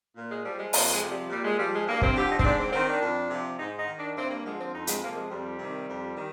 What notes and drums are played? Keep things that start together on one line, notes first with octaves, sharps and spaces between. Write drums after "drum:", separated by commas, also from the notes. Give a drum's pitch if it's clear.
A#2
G#3
F3 G3
G#3
F2 A#3, drum: open hi-hat
G#3
C3 F3
G3
A#2 G3
G#3
F3 G3
G#3
G2 A#3
C4, drum: kick
D3 F3 G4
D#4
C4, drum: kick
G#2 D4
C4
D#3 C4
D4
F2
C3 F3
G#2 D#4
D#4
D#3
D4
G2 C4
A#3
D3 F3 G#3
C4
F2 D#4
G#3, drum: hi-hat
C3 F3 A#3
G#3
F2 G3
C3 D#3
F2
D#3